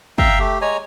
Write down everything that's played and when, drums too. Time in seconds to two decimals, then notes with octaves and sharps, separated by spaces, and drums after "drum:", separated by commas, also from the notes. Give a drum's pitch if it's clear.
0.18 E5 F5 G5 A#5, drum: kick
0.39 A3 G4
0.62 G#3 C#5 G#5 A#5